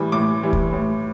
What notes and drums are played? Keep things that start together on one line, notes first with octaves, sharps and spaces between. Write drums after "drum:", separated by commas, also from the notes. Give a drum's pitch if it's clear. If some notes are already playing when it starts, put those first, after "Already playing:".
Already playing: A2 E3 G3
A2 D6
E3 G3
drum: kick
A2